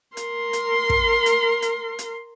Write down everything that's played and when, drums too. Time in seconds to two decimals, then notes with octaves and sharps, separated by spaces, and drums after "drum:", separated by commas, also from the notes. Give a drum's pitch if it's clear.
0.17 A#4 C6, drum: hi-hat
0.53 drum: hi-hat
0.90 drum: kick
1.26 drum: hi-hat
1.62 drum: hi-hat
1.99 drum: hi-hat